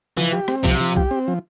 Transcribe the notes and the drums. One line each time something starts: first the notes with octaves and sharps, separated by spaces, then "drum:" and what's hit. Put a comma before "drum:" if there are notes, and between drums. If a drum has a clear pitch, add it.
E3 F3, drum: tom C#3
G4
C4, drum: rim click
C3 F3, drum: kick
F3
G4, drum: kick
C4
F3